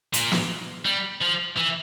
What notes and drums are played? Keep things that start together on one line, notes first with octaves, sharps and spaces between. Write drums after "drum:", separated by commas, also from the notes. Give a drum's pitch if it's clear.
A#2, drum: hi-hat
drum: snare
G3
F3
E3